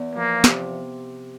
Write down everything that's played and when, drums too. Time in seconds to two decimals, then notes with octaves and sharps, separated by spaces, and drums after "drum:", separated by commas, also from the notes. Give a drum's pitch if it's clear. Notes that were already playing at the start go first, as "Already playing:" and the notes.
Already playing: E2
0.16 F3 A#3
0.44 C3, drum: snare